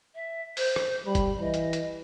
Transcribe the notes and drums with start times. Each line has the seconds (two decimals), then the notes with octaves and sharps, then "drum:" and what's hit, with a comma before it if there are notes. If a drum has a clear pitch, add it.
0.15 E5
0.57 C5, drum: open hi-hat
0.76 drum: rim click
1.06 G3 B5
1.15 drum: kick, hi-hat
1.41 E3 D#5
1.54 drum: hi-hat
1.73 drum: hi-hat